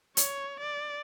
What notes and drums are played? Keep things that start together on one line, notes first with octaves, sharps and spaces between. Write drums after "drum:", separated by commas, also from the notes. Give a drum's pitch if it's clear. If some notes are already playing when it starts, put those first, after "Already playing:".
C#5, drum: hi-hat
D5